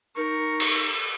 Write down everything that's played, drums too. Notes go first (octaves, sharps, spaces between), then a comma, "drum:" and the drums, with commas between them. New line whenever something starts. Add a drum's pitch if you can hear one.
D#4 A#4 C#6
drum: cymbal